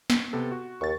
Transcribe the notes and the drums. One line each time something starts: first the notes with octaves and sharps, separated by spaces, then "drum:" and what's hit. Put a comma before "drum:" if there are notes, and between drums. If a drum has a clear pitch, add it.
drum: snare
C3 B3 A4
F#4
D#2 C#6 A6